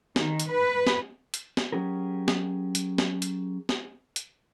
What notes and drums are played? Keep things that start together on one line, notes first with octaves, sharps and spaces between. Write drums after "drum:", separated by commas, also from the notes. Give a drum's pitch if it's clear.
D#3, drum: snare
drum: hi-hat
B4
drum: snare
drum: hi-hat
drum: snare
F#3 C#4 G4 G#4 A#4
drum: snare
drum: hi-hat
drum: snare
drum: hi-hat
drum: snare
drum: hi-hat